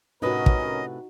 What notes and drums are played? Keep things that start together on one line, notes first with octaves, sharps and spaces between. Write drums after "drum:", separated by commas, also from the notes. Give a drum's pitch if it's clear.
A2 C3 C#4 D#4 F#4 A#4 B4 D#5
drum: kick